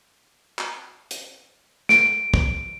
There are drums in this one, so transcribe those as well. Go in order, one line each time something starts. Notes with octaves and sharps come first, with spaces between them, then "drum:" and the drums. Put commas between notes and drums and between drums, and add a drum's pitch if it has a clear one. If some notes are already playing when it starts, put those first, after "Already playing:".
drum: clap
drum: hi-hat
D7, drum: snare
drum: kick